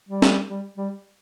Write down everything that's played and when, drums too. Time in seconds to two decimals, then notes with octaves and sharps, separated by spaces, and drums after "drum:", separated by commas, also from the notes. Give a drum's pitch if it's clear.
0.09 G3
0.22 drum: snare
0.50 G3
0.77 G3